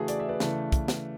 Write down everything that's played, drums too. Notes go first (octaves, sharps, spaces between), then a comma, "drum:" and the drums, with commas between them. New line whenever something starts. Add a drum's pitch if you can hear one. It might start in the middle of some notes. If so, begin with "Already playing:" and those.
Already playing: C#3 E3 A3 F#4 G#4
D5, drum: hi-hat
E5
B4 D5
C#3 E3 A3, drum: snare
drum: kick, hi-hat
drum: snare